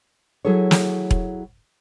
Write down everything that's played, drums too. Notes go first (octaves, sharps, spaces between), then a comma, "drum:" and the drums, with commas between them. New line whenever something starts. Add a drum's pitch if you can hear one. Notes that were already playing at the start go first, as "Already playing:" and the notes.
F#3 E4 G#4 A4 C#5
drum: snare
drum: kick E1